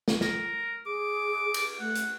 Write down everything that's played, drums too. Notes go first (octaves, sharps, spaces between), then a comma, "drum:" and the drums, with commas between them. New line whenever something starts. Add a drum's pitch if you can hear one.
drum: snare
A#4, drum: snare
G#4 D6
drum: cymbal
A3 F#5
drum: hi-hat